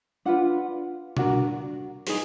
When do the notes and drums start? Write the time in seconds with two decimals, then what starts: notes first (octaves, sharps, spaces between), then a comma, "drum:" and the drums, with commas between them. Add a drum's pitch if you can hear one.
0.25 D4 F4 B4 F#5
1.17 D4 F#4 A#4, drum: tom B2
2.07 D#4 G#4 B4, drum: open hi-hat